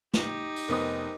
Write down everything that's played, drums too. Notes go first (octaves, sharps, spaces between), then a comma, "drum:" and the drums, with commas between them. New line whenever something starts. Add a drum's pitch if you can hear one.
D#4 G4, drum: snare
drum: open hi-hat
F1 B3 A#4 C5 D#5 D#6